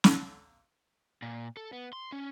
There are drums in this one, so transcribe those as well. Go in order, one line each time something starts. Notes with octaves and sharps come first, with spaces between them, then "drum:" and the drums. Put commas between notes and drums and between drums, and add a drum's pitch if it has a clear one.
drum: snare
A#2
A4
B3
C6
C#4